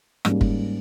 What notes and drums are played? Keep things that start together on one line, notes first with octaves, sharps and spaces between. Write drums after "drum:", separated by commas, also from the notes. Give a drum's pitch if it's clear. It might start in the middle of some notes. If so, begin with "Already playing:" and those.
G#2 G3 A#3 C#4, drum: rim click
drum: kick